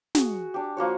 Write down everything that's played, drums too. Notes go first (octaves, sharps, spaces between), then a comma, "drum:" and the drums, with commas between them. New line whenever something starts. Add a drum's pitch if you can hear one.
F#4 G#4, drum: snare
D4 G4
F3 A#3 F#4 C#5